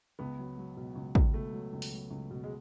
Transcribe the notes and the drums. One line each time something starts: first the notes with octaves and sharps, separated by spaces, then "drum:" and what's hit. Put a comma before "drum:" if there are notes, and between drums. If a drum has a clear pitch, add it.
C#2 B3
F#3
F#3
B2
C#2
C#2, drum: kick
B2 A3
F#3
C#2
drum: open hi-hat
F#3
C#2
B2
G#3